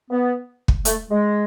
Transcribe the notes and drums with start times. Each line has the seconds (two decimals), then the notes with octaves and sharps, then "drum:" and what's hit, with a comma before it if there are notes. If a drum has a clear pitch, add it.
0.10 B3
0.68 drum: kick
0.85 A3, drum: hi-hat
1.10 G#3